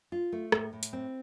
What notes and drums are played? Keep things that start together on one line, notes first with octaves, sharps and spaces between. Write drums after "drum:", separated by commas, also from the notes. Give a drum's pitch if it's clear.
F4
A3
A2, drum: rim click
A2
drum: hi-hat
C4